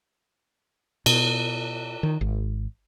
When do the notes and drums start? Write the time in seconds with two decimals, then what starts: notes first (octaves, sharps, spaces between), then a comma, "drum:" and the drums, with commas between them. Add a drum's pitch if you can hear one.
1.06 B2, drum: cymbal
2.03 D#3
2.21 G#1